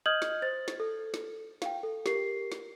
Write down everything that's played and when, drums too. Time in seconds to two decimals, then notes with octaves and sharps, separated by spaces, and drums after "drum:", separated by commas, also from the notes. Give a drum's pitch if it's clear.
0.06 D#5 D#6 F6 G6 G#6 F#7
0.22 drum: snare
0.42 C5 A6
0.68 drum: snare
0.80 A4
1.14 drum: snare
1.62 F5 G5, drum: snare
1.83 A4
2.06 G4 A#4 C7, drum: snare
2.52 drum: snare